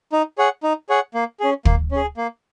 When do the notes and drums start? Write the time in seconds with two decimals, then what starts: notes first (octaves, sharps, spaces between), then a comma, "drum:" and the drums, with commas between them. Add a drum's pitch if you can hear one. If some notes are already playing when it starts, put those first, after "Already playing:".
0.12 D#4
0.38 G#4 C#5 F#5
0.63 D#4
0.89 G#4 C#5 F#5
1.14 A#3
1.40 C#4 G#4
1.65 A#3, drum: kick
1.91 C#4 G#4
2.17 A#3